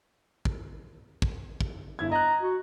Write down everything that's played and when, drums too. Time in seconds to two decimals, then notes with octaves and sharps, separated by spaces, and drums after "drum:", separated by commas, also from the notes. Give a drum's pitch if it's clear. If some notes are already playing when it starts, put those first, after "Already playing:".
0.45 drum: kick
1.22 drum: kick
1.61 drum: kick
1.99 G1 E4 G#6
2.12 D#5 A#5 F#6
2.41 F#4